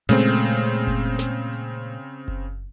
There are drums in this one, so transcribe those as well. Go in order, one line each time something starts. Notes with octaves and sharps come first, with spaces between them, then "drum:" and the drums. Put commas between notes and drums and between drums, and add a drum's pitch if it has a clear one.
A#2 C#3 G#3 A3 C4, drum: snare
drum: hi-hat
drum: kick F#1
drum: snare
drum: hi-hat
drum: kick F#1